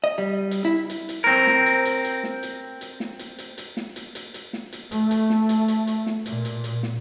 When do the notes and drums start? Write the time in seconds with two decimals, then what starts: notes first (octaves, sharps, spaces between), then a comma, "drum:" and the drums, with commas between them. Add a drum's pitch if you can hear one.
0.04 D#5
0.18 G3
0.51 drum: hi-hat
0.65 E4
0.90 drum: hi-hat
1.09 drum: hi-hat
1.24 C4 A#4
1.47 drum: snare
1.66 drum: hi-hat
1.85 drum: hi-hat
2.04 drum: hi-hat
2.24 drum: snare
2.43 drum: hi-hat
2.81 drum: hi-hat
3.00 drum: snare
3.19 drum: hi-hat
3.38 drum: hi-hat
3.58 drum: hi-hat
3.77 drum: snare
3.96 drum: hi-hat
4.15 drum: hi-hat
4.34 drum: hi-hat
4.53 drum: snare
4.73 drum: hi-hat
4.92 A3, drum: hi-hat
5.11 drum: hi-hat
5.30 drum: snare
5.49 drum: hi-hat
5.68 drum: hi-hat
5.87 drum: hi-hat
6.07 drum: snare
6.26 A#2, drum: hi-hat
6.45 drum: hi-hat
6.64 drum: hi-hat
6.83 drum: snare